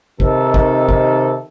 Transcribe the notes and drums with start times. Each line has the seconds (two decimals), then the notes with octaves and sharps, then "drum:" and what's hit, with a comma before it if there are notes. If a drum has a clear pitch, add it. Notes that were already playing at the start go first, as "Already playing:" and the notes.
0.20 C3 D#3 A4, drum: kick
0.54 drum: kick
0.89 drum: kick